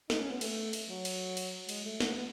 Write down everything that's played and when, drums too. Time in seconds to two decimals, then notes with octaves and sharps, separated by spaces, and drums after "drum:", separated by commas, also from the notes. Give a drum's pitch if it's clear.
0.10 D#4, drum: snare
0.20 C#4
0.31 B3
0.41 A3, drum: cymbal
0.73 drum: cymbal
0.89 F#3
1.05 drum: cymbal
1.37 drum: cymbal
1.69 G#3, drum: cymbal
1.84 A3
2.00 B3, drum: snare
2.17 B3